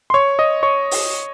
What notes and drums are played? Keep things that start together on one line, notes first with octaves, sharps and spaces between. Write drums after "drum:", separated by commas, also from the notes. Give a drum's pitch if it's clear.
C6
C#5 C#6
D#5 D#6
C#5 C#6
drum: open hi-hat